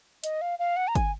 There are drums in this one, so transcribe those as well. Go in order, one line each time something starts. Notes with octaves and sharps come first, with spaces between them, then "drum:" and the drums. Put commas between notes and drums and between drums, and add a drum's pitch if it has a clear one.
D#5, drum: hi-hat
F5
F5
F#5
A#5
G#5, drum: kick G1, hi-hat